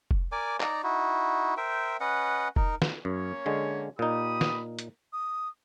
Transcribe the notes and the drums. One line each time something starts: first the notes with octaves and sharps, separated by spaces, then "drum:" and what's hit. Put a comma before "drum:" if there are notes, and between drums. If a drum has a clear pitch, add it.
drum: kick F1
A#4 D5 G#5 D6
D#4 D5 A#5, drum: clap
D#4 E4 F#4
A#4 C5 E5 G5
C#4 B4 D#5 F#5
D#4 A#4, drum: kick F1
drum: snare
F#2 A#3 C#4 C#5
D3 G#3
A#2 D#4 G4 B5 D#6
drum: snare
drum: hi-hat
D#6